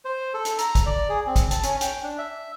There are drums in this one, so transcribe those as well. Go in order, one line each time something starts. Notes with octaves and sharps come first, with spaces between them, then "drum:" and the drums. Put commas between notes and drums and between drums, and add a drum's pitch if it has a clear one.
C5
A4
drum: hi-hat
A#5, drum: hi-hat
drum: kick, hi-hat
D5
G#4
C4
drum: kick, hi-hat
A5, drum: hi-hat
C#4, drum: hi-hat
G5, drum: hi-hat
D4
E5